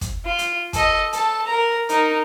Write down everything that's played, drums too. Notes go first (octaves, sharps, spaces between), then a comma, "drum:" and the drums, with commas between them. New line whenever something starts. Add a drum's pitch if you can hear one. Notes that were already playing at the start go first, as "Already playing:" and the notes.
drum: kick, hi-hat
F4
drum: hi-hat
A4 D#5, drum: kick, hi-hat
A4 A5, drum: hi-hat
A#4 A#5
D#4 A#4, drum: hi-hat